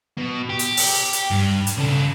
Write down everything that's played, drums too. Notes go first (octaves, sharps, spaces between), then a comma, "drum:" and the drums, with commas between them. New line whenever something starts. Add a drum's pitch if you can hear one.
B2
G4
drum: hi-hat
drum: open hi-hat
drum: hi-hat
G2
drum: hi-hat
C#3 A4